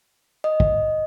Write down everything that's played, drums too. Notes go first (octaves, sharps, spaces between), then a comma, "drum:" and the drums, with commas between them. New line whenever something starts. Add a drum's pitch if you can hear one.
D#5
drum: kick